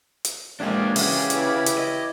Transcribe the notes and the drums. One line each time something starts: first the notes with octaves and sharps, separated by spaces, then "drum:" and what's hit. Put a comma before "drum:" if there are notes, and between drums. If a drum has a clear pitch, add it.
drum: hi-hat
A#1 E2 G#3 A#3 D4 G4 C#5 D5
C#3 E3 F#4 G4 C#5 D5, drum: open hi-hat
E4 B4, drum: hi-hat
drum: hi-hat
D#5